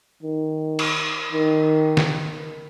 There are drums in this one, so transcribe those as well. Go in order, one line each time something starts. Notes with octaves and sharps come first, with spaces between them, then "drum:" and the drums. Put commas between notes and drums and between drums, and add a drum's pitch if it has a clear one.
D#3
drum: cymbal
D#3
drum: snare